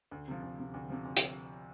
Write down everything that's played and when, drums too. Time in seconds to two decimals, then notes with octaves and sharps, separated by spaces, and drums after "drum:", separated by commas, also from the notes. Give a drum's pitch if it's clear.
0.11 D2
0.28 C3 F3
0.43 D2
0.58 C3 F3
0.74 D2
0.90 C3 F3
1.05 D2
1.17 drum: hi-hat